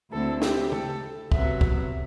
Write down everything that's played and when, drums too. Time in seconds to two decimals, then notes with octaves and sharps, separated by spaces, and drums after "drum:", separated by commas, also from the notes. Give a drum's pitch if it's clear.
0.12 D2 D3 A3 C4 E4 A4
0.42 G4, drum: snare
0.72 A4, drum: tom C#3
1.32 C3 F#3 B3 E5, drum: kick
1.61 drum: kick